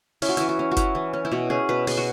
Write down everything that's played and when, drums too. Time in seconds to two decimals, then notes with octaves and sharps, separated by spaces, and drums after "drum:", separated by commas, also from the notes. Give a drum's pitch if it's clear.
0.22 C#4 E4, drum: open hi-hat
0.29 F#4
0.37 E3 E4, drum: hi-hat
0.49 F#4
0.59 C#4
0.71 F#4
0.77 C#4 E4, drum: kick F#1, hi-hat
0.95 E3
1.13 C#4
1.25 E4
1.32 B2 F#4
1.50 C#4 G#4
1.69 B2 B4
1.87 B2 G#4, drum: open hi-hat
1.97 F#4